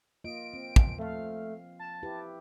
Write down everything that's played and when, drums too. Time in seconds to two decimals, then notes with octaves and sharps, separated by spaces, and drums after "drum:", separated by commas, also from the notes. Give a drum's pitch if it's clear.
0.24 A#3 F4 D#5 D7
0.54 C4
0.76 drum: kick
0.99 F3 A3 F5
1.79 A5
2.03 E4 G4 B4